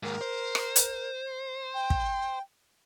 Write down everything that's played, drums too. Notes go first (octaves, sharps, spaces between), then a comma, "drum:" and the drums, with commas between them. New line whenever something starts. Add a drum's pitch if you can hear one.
D#2 G#2 A#4
C5
drum: rim click
drum: hi-hat
G5
drum: kick